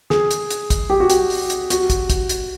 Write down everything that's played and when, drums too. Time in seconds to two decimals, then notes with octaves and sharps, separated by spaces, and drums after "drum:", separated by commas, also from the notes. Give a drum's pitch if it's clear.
0.10 G#4, drum: snare
0.31 drum: hi-hat
0.50 drum: hi-hat
0.70 drum: kick, hi-hat
0.90 G4
1.00 F#4
1.10 G4, drum: hi-hat
1.30 drum: open hi-hat
1.50 drum: hi-hat
1.70 F#4, drum: hi-hat
1.90 drum: kick, hi-hat
2.10 drum: kick, hi-hat
2.29 drum: hi-hat